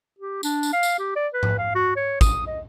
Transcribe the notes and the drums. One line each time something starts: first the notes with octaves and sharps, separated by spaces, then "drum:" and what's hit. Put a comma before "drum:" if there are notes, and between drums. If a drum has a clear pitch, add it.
G4
D4, drum: tambourine
drum: tambourine
F5
drum: tambourine
G4
D5
B4
drum: tom G#2
F5
F#4
C#5
D#6, drum: kick, tambourine
D#5